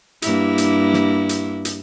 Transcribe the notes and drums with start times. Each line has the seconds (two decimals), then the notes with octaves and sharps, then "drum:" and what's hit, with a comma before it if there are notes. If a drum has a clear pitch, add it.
0.22 G2 A#3 E4, drum: hi-hat
0.58 drum: hi-hat
0.94 drum: snare
1.29 drum: hi-hat
1.65 drum: hi-hat